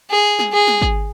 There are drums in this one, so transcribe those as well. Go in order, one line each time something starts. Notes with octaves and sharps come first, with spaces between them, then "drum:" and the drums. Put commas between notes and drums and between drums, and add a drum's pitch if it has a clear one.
G#4
drum: snare
G#4
drum: snare
drum: kick